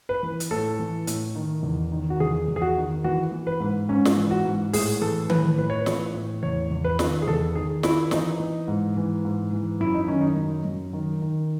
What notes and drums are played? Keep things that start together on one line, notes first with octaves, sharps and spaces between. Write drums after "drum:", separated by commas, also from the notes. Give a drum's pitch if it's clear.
B4
E3
drum: hi-hat
A2 A4
E3
A2, drum: hi-hat
D#3
E2
D#3
F#4
E2 G#4
E2
G#4
F#4
D#3
E3 F#4
E3
B4
G#2
G#2 C#4
drum: snare
E3
F#4
G#2
A2 G#4, drum: open hi-hat
E3 A4
A2 B4, drum: tom D#3
A2 B4
C#5
B4
E3, drum: snare
A2
E2 C#5
E2
B4
D#3, drum: snare
G#4
E2 A4
D#3 G#4
D#3 E4, drum: snare
E3 D#4, drum: snare
E3
G#2
E3
G#2
E3
F#2 E4
D#4
D#3 C#4
D#4
F#2
F#2
D#3
D#3